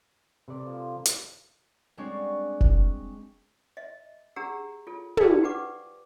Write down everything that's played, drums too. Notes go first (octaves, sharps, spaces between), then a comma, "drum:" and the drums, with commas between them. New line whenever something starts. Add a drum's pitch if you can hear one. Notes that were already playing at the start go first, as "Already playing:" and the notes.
C3 A4 B4 D5
A#2 F3
drum: hi-hat
G3 G#3 C4 D4 F#4 C#5
drum: kick F1
D#5 E5
D4 G4 G#4 F#5 A#5 E6
F4 A4
B4 C5 D5 F5 G5 A5, drum: tom
G4 B4 F#5 D6